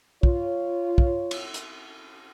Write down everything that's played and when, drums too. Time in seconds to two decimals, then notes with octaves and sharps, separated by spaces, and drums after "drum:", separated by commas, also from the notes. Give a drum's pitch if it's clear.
0.23 F4 C#5, drum: kick
0.98 drum: kick
1.31 drum: cymbal
1.54 drum: hi-hat